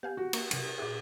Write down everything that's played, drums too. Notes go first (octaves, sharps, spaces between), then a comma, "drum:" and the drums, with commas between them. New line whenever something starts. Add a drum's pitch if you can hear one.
B3 G4 F5 G#5
F#4
A#3 C#6, drum: cymbal
C3 F#3, drum: cymbal
A#2 E4 F#4 G#4